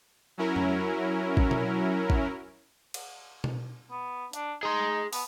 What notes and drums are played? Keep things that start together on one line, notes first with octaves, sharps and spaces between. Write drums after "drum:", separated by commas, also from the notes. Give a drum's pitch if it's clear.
F#3 C#4 E4 A#4
drum: tom F2
drum: kick G#1
drum: tom B2
drum: kick G#1
drum: cymbal
drum: tom B2
B3
D4, drum: hi-hat
D#4 G#4 C6
B3, drum: open hi-hat